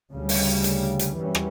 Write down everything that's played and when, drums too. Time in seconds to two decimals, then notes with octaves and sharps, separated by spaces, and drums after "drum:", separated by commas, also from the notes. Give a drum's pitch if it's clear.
0.11 D2 C#3 G3
0.29 drum: open hi-hat
0.64 drum: hi-hat
0.99 drum: hi-hat
1.17 F#2 E3 G3 C#4
1.35 drum: rim click